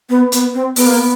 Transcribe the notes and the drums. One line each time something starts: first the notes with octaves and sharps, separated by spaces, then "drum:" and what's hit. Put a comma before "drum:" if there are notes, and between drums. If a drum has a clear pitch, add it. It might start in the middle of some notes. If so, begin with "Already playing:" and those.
B3
B3, drum: hi-hat
C4
B3, drum: open hi-hat
A#3
B3